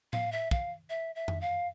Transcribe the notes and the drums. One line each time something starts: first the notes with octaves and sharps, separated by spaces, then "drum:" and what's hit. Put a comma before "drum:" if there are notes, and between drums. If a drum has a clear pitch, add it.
F5, drum: tom A2
E5
F5, drum: kick
E5
E5
drum: tom F2
F5